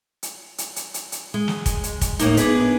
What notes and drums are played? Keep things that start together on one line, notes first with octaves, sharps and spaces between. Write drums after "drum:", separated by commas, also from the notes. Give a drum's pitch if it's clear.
drum: hi-hat
drum: hi-hat
drum: hi-hat
drum: hi-hat
drum: hi-hat
G#3
drum: snare
drum: kick, hi-hat
drum: hi-hat
drum: kick, hi-hat
A2 A#3 D#4, drum: hi-hat
B3 D4 G#4 B4, drum: hi-hat